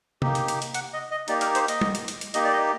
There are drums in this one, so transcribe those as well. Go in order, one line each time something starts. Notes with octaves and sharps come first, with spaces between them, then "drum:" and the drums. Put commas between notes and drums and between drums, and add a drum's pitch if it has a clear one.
A#3 D#4 G4, drum: tom C3
drum: hi-hat
drum: hi-hat
drum: hi-hat
F#5, drum: hi-hat
D#5
D#5
A#3 D#4 G4 D5, drum: hi-hat
A#4, drum: hi-hat
C5, drum: hi-hat
D#5, drum: hi-hat
drum: tom G3
drum: hi-hat
drum: hi-hat
drum: hi-hat
A#3 D#4 G4 D#5, drum: hi-hat
D5
D#5